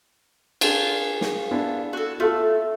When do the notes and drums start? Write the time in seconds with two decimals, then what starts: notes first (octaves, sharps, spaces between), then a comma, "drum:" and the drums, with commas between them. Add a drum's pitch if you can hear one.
0.61 D4 F4 G#4 A#4, drum: cymbal
1.21 drum: snare
1.51 B3 D4 E4
1.93 F#4 A4
2.20 A3 F4 A4